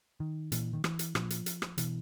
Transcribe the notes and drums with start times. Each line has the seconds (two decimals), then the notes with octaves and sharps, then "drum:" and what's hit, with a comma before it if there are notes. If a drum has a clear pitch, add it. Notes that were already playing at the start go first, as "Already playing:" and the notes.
0.20 D#3
0.52 A#2 E3, drum: hi-hat
0.73 D#3
0.84 E3, drum: rim click
0.99 drum: hi-hat
1.15 A#2 F3, drum: rim click
1.30 drum: hi-hat
1.46 drum: hi-hat
1.62 drum: rim click
1.78 B2 E3, drum: hi-hat